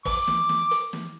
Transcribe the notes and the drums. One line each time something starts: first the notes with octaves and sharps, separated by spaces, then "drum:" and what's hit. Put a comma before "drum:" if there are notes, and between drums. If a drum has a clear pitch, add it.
D6, drum: kick, open hi-hat
drum: snare
drum: snare
drum: hi-hat
drum: snare